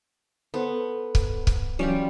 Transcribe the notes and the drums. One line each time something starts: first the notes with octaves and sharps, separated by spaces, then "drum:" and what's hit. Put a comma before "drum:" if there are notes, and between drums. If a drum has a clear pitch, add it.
B3 A4 C5
drum: kick C#1
drum: kick C#1
E3 F#3 G3 C#4 F4 G4